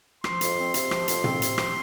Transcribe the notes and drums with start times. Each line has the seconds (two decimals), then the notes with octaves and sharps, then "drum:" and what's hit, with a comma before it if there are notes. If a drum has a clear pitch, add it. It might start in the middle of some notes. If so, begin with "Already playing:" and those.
0.24 F3 C6, drum: rim click
0.41 F2, drum: hi-hat
0.58 C4
0.74 C3, drum: hi-hat
0.91 F3, drum: rim click
1.08 F2, drum: hi-hat
1.24 C4, drum: tom
1.42 C3, drum: hi-hat
1.58 F3, drum: rim click